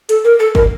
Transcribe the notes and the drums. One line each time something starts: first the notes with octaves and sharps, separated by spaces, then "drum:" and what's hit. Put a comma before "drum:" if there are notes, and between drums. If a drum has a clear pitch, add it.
A4, drum: hi-hat
A#4
A4
A#4, drum: kick